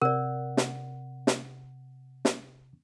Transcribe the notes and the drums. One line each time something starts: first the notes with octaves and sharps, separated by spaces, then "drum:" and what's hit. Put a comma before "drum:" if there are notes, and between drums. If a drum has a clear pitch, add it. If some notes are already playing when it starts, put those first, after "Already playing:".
C3 A#4 D5 F#5
drum: snare
drum: snare
drum: snare